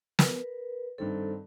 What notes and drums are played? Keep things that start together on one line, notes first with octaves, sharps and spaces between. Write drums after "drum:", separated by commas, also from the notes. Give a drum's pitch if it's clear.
A#4 B4, drum: snare
G2 D#3 C4 A4